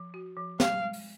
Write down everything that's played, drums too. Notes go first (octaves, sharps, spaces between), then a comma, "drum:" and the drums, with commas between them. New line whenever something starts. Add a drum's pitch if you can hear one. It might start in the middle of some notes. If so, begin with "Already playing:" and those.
Already playing: F3
F#4
F3
G#3 F5, drum: snare
G#3
drum: open hi-hat